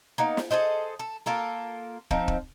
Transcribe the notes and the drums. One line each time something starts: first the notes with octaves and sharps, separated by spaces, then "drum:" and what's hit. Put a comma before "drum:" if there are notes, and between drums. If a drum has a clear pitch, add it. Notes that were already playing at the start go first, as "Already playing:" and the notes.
A#3 B3 D#4
drum: snare
G#4 A4 C5 D#5
A4
A#3 F4 A4 A#4
F3 C4 D#4, drum: kick
drum: kick